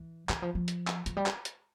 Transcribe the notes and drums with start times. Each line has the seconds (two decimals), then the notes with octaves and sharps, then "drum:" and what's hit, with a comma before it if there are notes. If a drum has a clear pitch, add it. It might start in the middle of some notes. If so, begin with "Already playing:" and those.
Already playing: E3
0.29 E3, drum: clap
0.42 F3
0.55 F3
0.68 drum: hi-hat
0.87 drum: clap
1.06 F3, drum: hi-hat
1.17 G3
1.26 drum: clap
1.45 drum: hi-hat